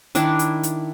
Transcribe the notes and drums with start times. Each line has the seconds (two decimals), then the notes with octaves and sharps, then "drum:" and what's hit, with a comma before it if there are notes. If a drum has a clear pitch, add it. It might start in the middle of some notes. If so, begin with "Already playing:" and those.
0.15 D#3 D4 E4 D5, drum: hi-hat
0.39 drum: hi-hat
0.63 drum: hi-hat